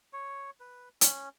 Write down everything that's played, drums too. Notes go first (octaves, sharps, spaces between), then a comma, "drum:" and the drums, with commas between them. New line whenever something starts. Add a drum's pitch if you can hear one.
C#5
B4
C#4, drum: hi-hat